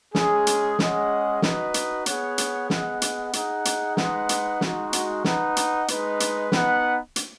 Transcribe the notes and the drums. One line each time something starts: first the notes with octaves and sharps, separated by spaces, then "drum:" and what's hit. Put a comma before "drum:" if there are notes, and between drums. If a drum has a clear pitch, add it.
G#3 C#4 G#4, drum: snare
drum: hi-hat
G#3 C#4 G#4 D#5 F#5, drum: snare
D#4 F#4 B4 D#5, drum: snare
drum: hi-hat
B3 G#4 C#5 F#5, drum: hi-hat
drum: hi-hat
B3 G#4 D#5 F#5, drum: snare
drum: hi-hat
D#4 G#4 D#5 F#5, drum: hi-hat
drum: hi-hat
G#3 D#4 B4 D#5 F#5, drum: snare
drum: hi-hat
G#3 D#4 F#4, drum: snare
drum: hi-hat
D#4 B4 D#5 F#5, drum: snare
drum: hi-hat
G#3 D#4 B4, drum: hi-hat
drum: hi-hat
B3 D#4 B4 F#5, drum: snare
drum: hi-hat